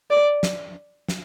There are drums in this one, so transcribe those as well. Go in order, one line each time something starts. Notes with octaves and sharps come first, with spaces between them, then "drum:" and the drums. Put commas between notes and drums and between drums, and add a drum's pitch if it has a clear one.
D5
drum: snare
drum: snare